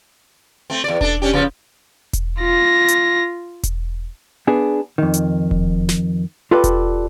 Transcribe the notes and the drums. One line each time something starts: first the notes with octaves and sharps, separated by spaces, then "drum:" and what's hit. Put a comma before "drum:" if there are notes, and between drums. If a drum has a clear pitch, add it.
A3 C4
E2 D5
D4 A4, drum: kick E1
C#4 D4 G4
C#3 F3 B3
drum: kick E1, hi-hat
F4 A#6
drum: hi-hat
drum: kick E1, hi-hat
B3 D4 G#4
F2 D#3
drum: hi-hat
drum: kick E1
drum: snare
F4 G4 A4 B4 D5
drum: kick E1, hi-hat